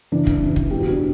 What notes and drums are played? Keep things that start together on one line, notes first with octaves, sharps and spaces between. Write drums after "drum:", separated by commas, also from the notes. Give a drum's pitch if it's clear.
F#1 F#2 E3 D4
drum: kick
F#1 F#2 E3
drum: kick
E2 B2 F#3 G4
F#4
D4